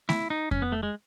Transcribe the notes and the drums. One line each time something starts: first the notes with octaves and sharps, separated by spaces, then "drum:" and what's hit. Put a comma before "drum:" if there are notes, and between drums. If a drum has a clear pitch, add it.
E4, drum: snare A3
D#4
C#4, drum: kick F2
B3
A3
G#3